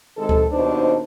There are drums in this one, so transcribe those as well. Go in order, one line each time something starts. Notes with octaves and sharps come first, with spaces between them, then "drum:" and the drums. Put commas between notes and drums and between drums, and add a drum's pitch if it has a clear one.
C3 D#3 G#3 A4
drum: kick C#2
D#2 B2 D4 D#4 C5